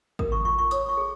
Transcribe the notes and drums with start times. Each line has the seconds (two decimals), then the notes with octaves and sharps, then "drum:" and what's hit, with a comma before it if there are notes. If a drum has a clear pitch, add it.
0.19 A#4 D#6, drum: kick G#1
0.32 C#6
0.45 F4 C#6
0.59 C#6
0.71 C#5 D#6, drum: hi-hat
0.89 C#6
0.97 G#4